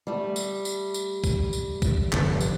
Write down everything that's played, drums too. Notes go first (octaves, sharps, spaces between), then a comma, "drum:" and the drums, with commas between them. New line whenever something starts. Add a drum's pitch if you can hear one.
G3 A3
drum: tambourine
drum: tambourine
drum: tambourine
drum: kick, tambourine
drum: tambourine
drum: kick, tambourine
F1 G2 D3, drum: clap
drum: tambourine